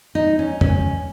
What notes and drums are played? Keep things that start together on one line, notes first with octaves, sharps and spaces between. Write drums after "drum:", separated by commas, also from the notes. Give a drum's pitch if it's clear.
D#4
C#4
C#4, drum: tom F2